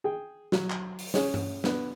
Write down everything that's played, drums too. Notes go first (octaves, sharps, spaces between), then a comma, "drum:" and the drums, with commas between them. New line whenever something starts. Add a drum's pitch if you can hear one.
G#4 G5
F#3, drum: snare
drum: clap
drum: open hi-hat
C#4 G#4 C#5, drum: snare
drum: tom G2
B3 D4 B4, drum: snare